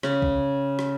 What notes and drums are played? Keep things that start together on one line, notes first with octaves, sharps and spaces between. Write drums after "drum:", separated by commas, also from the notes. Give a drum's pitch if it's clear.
C#3, drum: rim click
drum: kick B1
drum: rim click